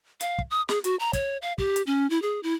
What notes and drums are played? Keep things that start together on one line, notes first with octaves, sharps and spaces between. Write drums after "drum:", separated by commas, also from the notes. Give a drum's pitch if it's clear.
F5, drum: hi-hat
drum: kick
D#6
G#4, drum: snare
F#4, drum: hi-hat
A#5
C#5, drum: kick, hi-hat
F5
G4, drum: kick
drum: hi-hat
C#4
E4
G#4
E4